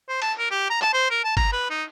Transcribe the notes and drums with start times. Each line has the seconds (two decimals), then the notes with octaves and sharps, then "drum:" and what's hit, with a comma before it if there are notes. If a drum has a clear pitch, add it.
0.08 C5
0.22 A5, drum: cymbal
0.39 A#4
0.51 G4
0.70 A#5
0.81 A5, drum: clap
0.93 C5
1.10 A#4
1.24 A5
1.37 A#5, drum: kick G1, cymbal
1.52 B4
1.70 D#4